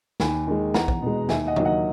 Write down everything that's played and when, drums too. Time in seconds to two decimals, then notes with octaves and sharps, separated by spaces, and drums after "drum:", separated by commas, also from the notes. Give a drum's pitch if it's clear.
0.20 D#2 G#5 B5, drum: snare
0.47 D#3 G#3
0.74 E2 F#5 A#5, drum: snare
0.88 drum: kick
1.02 B2 G#3
1.29 D#2 E5 G#5, drum: snare
1.47 D#5 F#5
1.56 D#3 F#3, drum: tom C#3
1.65 D#5 F#5